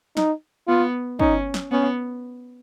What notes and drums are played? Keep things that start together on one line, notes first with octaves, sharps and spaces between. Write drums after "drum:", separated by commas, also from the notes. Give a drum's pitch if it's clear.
D#4, drum: snare
B3 F4
C#4 D#4, drum: kick
drum: snare
B3 C#4